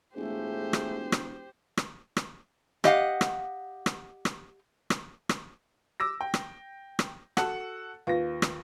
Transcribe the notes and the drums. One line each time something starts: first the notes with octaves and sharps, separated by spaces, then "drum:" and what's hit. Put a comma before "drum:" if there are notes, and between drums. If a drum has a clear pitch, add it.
E1 A2 A3 F4 G4 G#4 C5
drum: rim click
drum: rim click
drum: rim click
drum: rim click
G4 D#5 F5 F#5, drum: rim click
drum: rim click
drum: rim click
drum: rim click
drum: rim click
drum: rim click
D6 E6 A#6
G5
drum: rim click
drum: rim click
F#4 A4 F#5 A5, drum: rim click
D#2 F4 B4 F5 A#6
drum: rim click